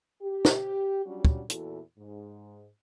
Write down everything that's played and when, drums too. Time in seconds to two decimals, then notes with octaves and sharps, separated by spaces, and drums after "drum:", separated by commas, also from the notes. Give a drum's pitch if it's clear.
0.22 G4
0.45 drum: snare
1.06 F#3 G3 C#4 D4 F4 F#4
1.25 drum: kick
1.50 E2 A#2 E3 E4 F#4 A4, drum: hi-hat
1.98 G#2